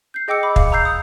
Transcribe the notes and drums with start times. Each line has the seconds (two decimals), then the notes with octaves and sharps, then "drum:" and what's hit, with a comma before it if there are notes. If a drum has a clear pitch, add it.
0.14 G6 C7
0.28 G#4 D#5 G5 D6 E6 C#7
0.43 B5 D6 E6
0.56 F5, drum: kick
0.72 A#5 E6 G6 C7
0.85 D#6